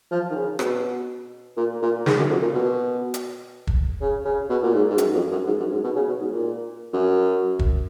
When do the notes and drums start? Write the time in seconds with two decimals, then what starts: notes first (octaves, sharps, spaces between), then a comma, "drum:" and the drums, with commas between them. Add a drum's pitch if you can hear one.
0.11 F3
0.30 D#3
0.36 C#3
0.59 B2, drum: rim click
1.57 A#2
1.82 A#2
2.06 G#2, drum: snare
2.18 F#2
2.30 F2
2.42 A#2
2.54 B2
3.14 drum: hi-hat
3.67 drum: kick
4.01 C#3
4.25 C#3
4.50 B2
4.63 A#2
4.74 G#2
4.89 G#2
4.98 F#2, drum: hi-hat
5.15 F2
5.31 F#2
5.46 G#2
5.60 F#2
5.71 G#2
5.84 B2
5.95 C#3
6.08 B2
6.20 G#2
6.32 A#2
6.93 F#2
7.59 drum: kick